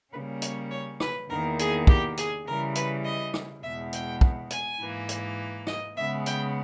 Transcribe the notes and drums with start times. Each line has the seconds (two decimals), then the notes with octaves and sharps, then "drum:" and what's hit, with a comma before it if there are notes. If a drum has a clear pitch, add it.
0.13 C#3 G3 A#3 C#4 B4
0.42 C#5, drum: hi-hat
0.71 C#5
1.00 B4, drum: rim click
1.29 E2 D#3 A#3 A#4
1.59 G#4, drum: hi-hat
1.87 G4, drum: kick
2.17 G#4, drum: hi-hat
2.46 C#3 E3 G3 A#4
2.75 B4, drum: hi-hat
3.04 D#5
3.34 drum: rim click
3.63 E2 B2 G#3 B3 E5
3.93 G5, drum: hi-hat
4.21 drum: kick
4.51 G#5, drum: hi-hat
4.80 G#2 E3 A#3
5.09 drum: hi-hat
5.67 D#5, drum: rim click
5.96 C#3 G#3 B3 E5
6.26 G5, drum: hi-hat